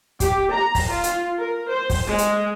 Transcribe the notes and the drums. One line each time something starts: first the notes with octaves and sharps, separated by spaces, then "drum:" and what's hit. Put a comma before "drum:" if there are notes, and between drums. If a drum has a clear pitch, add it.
G4, drum: kick, hi-hat
A#5
drum: kick, open hi-hat
F4
drum: hi-hat
A#4
C5
drum: kick, open hi-hat
G#3
drum: hi-hat